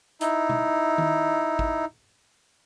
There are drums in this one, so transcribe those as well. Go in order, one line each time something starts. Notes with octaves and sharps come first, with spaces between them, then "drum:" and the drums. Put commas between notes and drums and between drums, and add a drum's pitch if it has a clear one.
D#4 E4, drum: hi-hat
drum: tom B2
drum: tom D#3
drum: kick